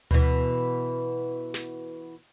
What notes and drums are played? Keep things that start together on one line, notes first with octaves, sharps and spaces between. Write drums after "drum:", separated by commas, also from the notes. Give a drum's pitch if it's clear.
B2 E3, drum: tom D2
drum: snare